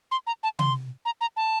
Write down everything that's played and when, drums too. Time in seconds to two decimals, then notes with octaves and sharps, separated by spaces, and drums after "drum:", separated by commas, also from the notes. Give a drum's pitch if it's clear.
0.11 C6
0.27 A#5
0.43 A5
0.59 C6, drum: tom C3
1.05 A#5
1.21 A#5
1.36 A5